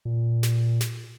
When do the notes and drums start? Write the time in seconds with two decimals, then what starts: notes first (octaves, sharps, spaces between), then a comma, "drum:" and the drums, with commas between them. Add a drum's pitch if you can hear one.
0.05 A#2
0.43 drum: snare
0.81 drum: snare